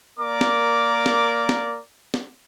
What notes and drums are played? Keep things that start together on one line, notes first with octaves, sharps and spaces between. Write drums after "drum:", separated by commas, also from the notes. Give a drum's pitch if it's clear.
A#3 A#4 D5 D6
drum: snare
drum: snare
drum: snare
drum: snare